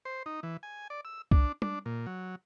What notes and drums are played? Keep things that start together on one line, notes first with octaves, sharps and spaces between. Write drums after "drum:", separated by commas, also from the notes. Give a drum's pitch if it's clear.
C5
D#4
E3
G#5
D5
E6
D4, drum: kick C2
D4, drum: tom
A#2
F#3